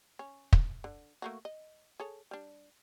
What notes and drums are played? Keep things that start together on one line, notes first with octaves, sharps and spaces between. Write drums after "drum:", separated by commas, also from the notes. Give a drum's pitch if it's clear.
C#4
drum: kick
D3
A3 A#3 F#4
D#5
G#4 A4 C#5
G3 D4